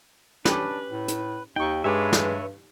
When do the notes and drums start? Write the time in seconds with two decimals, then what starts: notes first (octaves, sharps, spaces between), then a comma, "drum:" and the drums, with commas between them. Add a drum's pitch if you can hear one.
0.45 C#4 D4 G4 B4, drum: snare
0.91 A2
1.08 drum: hi-hat
1.56 D#2 D#4 G5 C#6
1.84 G2 G#3 G4 B4 C#5 E5
2.13 drum: snare